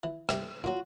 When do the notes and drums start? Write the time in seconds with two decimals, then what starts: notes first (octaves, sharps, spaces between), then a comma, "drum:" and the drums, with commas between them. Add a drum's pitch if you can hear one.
0.03 E3
0.29 G2 C3 G4, drum: rim click
0.64 A#2 F#3 F4 F#4